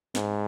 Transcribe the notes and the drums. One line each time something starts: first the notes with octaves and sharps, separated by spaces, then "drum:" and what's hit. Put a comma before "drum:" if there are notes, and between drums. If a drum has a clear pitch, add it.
G#2, drum: snare